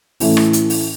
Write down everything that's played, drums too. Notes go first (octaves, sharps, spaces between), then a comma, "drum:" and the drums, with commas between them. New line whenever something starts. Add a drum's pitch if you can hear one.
A2 E3 A3 C#4 E4, drum: open hi-hat
drum: rim click
drum: hi-hat
drum: open hi-hat